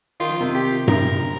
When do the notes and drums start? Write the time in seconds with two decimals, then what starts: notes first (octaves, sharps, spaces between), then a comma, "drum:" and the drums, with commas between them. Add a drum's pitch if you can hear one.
0.20 D#3 F4
0.30 F3
0.40 C3 D#3
0.54 G4
0.88 A#4, drum: tom G2